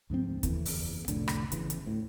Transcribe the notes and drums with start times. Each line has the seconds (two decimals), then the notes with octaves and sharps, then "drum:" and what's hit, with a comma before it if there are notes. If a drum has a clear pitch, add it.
0.10 D2 G#2 F3 C4
0.43 D#2 D3 E3, drum: kick, hi-hat
0.65 F#1 E2, drum: open hi-hat
1.08 C2 F2 A2 D3, drum: hi-hat
1.28 drum: rim click
1.52 G1 C#3 E3, drum: hi-hat
1.70 drum: hi-hat
1.85 D2 A2